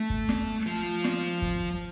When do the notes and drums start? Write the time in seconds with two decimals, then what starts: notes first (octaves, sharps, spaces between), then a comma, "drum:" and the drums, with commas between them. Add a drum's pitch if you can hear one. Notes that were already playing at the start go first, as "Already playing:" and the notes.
Already playing: A3
0.10 drum: kick
0.29 drum: snare
0.66 F3
1.04 drum: snare
1.42 drum: kick